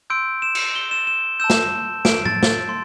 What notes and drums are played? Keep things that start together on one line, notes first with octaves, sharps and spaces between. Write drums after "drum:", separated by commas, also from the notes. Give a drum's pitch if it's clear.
C6 E6 G6 D7
E7
drum: cymbal
G7
E7
E7
A5 E6 G6 E7
drum: snare
D7, drum: snare
A6, drum: tom
drum: snare
C6